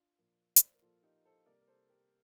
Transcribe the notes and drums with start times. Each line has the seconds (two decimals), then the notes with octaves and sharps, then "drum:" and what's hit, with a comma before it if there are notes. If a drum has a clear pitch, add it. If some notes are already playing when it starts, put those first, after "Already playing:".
Already playing: D4 F4
0.18 A#2 F3 A#3
0.56 D5, drum: hi-hat
0.65 C5
0.74 A#4
0.82 A#2 F3 A#3 F4 A4
1.03 D#4 G4
1.25 A4 C5
1.46 C3 G3 A#3 A#4 D5
1.61 A#4
1.68 A4 C5
1.89 G4 A#4